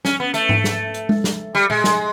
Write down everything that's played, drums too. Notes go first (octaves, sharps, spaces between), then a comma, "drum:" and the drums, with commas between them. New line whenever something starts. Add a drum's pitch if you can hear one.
C#4, drum: snare
B3
A3, drum: hi-hat
drum: tom G#2
drum: snare
drum: hi-hat
drum: tom G#3
drum: snare
G3
G#3, drum: tom A#2
drum: snare